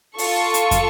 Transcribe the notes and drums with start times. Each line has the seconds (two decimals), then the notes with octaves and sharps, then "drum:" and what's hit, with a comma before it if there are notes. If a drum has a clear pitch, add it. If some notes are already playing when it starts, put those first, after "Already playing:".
0.18 F4 A4 C#6, drum: open hi-hat
0.54 drum: hi-hat
0.71 drum: kick, hi-hat